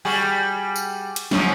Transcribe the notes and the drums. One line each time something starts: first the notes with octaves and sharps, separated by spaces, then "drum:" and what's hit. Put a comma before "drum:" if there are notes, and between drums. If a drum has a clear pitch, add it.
G3 F#4 G#4
drum: tambourine
drum: hi-hat
F#2 F3 F#3, drum: snare